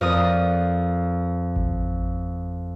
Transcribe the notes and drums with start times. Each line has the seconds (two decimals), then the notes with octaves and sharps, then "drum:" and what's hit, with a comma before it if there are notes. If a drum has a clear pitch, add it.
0.01 F2 A#4 D5 D#6 A#6
1.56 drum: kick G#1